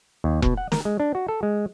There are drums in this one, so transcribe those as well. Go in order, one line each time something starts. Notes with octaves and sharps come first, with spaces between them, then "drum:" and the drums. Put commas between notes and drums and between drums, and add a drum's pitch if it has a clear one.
D#2
B2, drum: kick E1
F#5
A#4, drum: snare
G#3
D4
F#4
A4
G#3